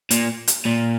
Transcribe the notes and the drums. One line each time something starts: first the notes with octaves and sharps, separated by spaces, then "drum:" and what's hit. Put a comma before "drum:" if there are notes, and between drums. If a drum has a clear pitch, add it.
A#2, drum: hi-hat
drum: hi-hat
A#2